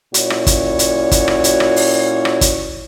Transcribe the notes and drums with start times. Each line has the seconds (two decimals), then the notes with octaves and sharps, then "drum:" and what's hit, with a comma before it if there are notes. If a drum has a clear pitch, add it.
0.14 A#2 C#4 E4 F#4 C#5 D5, drum: hi-hat
0.30 drum: rim click
0.47 drum: kick, hi-hat
0.79 drum: hi-hat
1.11 drum: kick, hi-hat
1.28 drum: rim click
1.44 drum: hi-hat
1.60 drum: rim click
1.76 drum: open hi-hat
2.25 drum: rim click
2.41 drum: kick, hi-hat